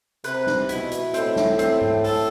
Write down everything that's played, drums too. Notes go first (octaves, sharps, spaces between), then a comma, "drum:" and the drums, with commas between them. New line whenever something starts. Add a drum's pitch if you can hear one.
C3 B4, drum: hi-hat
drum: snare
B2 E4, drum: hi-hat
drum: hi-hat
A2 C4, drum: hi-hat
drum: snare
C4, drum: hi-hat
drum: tom G#2
A4, drum: open hi-hat